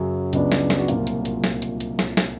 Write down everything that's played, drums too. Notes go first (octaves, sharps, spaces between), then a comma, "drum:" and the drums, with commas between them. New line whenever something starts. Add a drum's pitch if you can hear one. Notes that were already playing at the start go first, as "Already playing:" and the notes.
Already playing: F#2 C#3 F#3
C#2 C#3 F#3 B3 D4, drum: hi-hat
drum: snare
drum: snare
F#4
C2 A#2 F#3 A#3 F4, drum: hi-hat
drum: hi-hat
drum: hi-hat
drum: snare
drum: hi-hat
drum: hi-hat
drum: snare
drum: snare